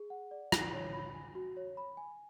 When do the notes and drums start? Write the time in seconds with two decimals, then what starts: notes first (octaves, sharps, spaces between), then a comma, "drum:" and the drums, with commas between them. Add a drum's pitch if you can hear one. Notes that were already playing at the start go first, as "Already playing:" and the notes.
Already playing: G#4
0.10 F#5
0.31 D5
0.52 E4, drum: rim click
0.74 C#5
0.93 B5
1.14 G#5
1.35 F#4
1.57 C#5
1.77 B5
1.97 G#5